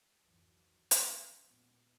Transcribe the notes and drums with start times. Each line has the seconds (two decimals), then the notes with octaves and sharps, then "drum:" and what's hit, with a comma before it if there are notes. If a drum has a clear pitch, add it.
0.21 C2 F2 G#2 D#3 E3 F#3
0.91 F3 C#4, drum: hi-hat
1.47 D#2 A#2 G#3 B3